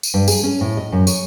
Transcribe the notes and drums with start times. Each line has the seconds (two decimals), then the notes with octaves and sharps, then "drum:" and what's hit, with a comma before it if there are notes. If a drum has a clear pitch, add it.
0.03 drum: tambourine
0.14 G2
0.28 G#4, drum: tambourine
0.44 C#4
0.61 A2
0.77 D#5
0.92 F#2
1.07 C#5, drum: tambourine